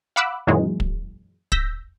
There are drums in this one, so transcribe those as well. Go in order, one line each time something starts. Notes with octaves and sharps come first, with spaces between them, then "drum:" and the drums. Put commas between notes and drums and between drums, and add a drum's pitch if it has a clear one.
F5 F#5 B5 D6 E6 F#6
F#2 A#2 D#3 E3 F#3 G#3
drum: kick
E6 G6 A#6 B6, drum: kick